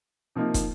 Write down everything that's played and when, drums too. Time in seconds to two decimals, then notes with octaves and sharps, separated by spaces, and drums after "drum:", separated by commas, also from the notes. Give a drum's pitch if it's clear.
0.36 C3 F3 A#3 D#4
0.54 drum: kick, hi-hat